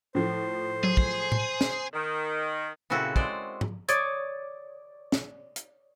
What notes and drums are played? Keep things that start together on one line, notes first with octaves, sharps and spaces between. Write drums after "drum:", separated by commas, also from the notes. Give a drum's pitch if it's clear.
A2 F3 A3 C5
F#3 G#4
drum: kick
drum: tom A2
drum: snare
D#3
A#2 C#3 C4 E4 F#4 A4
G#3 C5 D5, drum: kick
drum: tom
C#5 D5 D#6 G#6 A6, drum: hi-hat
drum: snare
drum: hi-hat